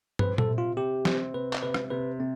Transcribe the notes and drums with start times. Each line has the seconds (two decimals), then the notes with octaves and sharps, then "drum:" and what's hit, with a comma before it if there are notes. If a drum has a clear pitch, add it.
0.19 C4 B4, drum: tom
0.38 A4, drum: tom A#2
0.48 C3
0.58 F4
0.77 C3 G4
1.05 C4, drum: snare
1.34 C3 B4
1.53 drum: clap
1.63 C3 B4
1.74 drum: rim click
1.90 C3 B4
2.19 C3 C4